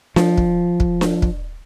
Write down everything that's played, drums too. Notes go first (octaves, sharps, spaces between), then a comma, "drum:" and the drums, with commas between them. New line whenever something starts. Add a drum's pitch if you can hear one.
F3, drum: snare D4
drum: kick
drum: kick
drum: snare D4
drum: kick